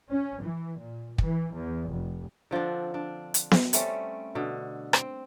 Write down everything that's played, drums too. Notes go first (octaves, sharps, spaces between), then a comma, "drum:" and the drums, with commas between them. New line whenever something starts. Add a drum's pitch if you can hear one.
C#4
E3
A#2
E3, drum: kick
E2
F1
D3 F3 C4 D4
D4
drum: hi-hat
drum: snare B3
G3 A3 C4 C#4, drum: hi-hat
B2 D3
C4, drum: rim click